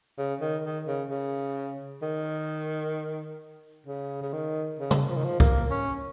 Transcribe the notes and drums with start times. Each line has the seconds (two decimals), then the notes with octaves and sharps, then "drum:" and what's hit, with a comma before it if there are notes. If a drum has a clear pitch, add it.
0.18 C#3
0.41 D#3
0.64 D#3
0.87 C#3
1.10 C#3
2.02 D#3
3.86 C#3
4.22 C#3
4.33 D#3
4.79 C#3
4.91 drum: tom
5.10 F3
5.16 D#3
5.24 F3
5.40 A#3, drum: kick
5.71 C#4